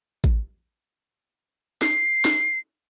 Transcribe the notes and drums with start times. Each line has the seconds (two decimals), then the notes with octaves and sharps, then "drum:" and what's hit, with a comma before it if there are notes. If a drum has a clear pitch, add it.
0.24 drum: kick A1
1.82 C7, drum: snare
2.25 drum: snare